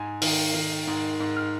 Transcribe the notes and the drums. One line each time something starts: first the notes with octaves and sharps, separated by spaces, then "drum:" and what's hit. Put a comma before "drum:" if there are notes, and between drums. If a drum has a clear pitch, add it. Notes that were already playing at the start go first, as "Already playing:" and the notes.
Already playing: G#2 G#5
D#3, drum: open hi-hat
D#3
G#2
G#2
F6